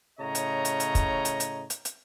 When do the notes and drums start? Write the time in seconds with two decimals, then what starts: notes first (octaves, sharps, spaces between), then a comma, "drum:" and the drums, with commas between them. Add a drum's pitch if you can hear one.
0.20 A2 C#3 C#5 D#5 A#5
0.35 drum: hi-hat
0.65 drum: hi-hat
0.80 drum: hi-hat
0.95 drum: kick, hi-hat
1.25 drum: hi-hat
1.40 drum: hi-hat
1.70 drum: hi-hat
1.85 drum: hi-hat